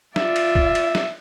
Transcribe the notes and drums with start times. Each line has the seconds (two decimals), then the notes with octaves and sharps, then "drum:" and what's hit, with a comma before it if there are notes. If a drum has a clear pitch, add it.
0.16 F4 D5 E5, drum: snare
0.36 drum: cymbal
0.55 drum: kick
0.75 drum: cymbal
0.95 drum: snare